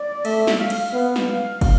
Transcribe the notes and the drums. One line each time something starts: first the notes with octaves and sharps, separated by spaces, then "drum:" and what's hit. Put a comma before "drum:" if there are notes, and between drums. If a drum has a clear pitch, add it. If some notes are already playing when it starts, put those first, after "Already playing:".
Already playing: D5
A3 E5, drum: cymbal
drum: snare
F5
drum: cymbal
B3
drum: snare
F5
drum: kick, cymbal